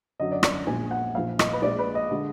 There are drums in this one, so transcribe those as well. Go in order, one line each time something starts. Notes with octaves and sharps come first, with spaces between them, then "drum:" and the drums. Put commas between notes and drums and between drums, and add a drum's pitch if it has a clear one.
F#1 F#2 D3 F#3 D#5
D5
D5, drum: rim click
A#1 A#2 G#3 G#5
F#5
A#1 A#2 F3 F5
D#5, drum: rim click
B4
A#1 A#2 G#3 D5
B4
D#5
D3 G#3